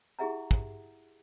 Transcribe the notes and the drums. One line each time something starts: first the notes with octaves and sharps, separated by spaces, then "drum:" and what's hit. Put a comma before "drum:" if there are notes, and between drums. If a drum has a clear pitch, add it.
E4 G4 G#4 E5 F#5 A#5
drum: kick